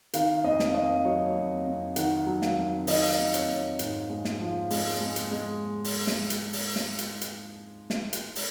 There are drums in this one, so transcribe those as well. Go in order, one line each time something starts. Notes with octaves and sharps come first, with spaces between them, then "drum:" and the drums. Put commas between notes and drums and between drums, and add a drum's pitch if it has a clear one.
D#3 F5, drum: hi-hat
F2 D#5
drum: snare
F2 D#5
F#3 C#5
F2
F2
D#3 F#5, drum: hi-hat
F#3
F5, drum: snare
F2
D#3 D#5, drum: open hi-hat
F2
C#5, drum: hi-hat
F2
G#2, drum: hi-hat
G#3
drum: snare
F3
G#3, drum: open hi-hat
G#3
drum: hi-hat
G#3
drum: open hi-hat
drum: snare
drum: hi-hat
drum: open hi-hat
drum: snare
drum: hi-hat
drum: hi-hat
drum: snare
drum: hi-hat
drum: open hi-hat